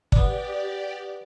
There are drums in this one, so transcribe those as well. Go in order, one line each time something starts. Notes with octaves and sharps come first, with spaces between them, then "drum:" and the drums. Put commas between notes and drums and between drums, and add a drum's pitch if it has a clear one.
B3 D4 G4 D5, drum: kick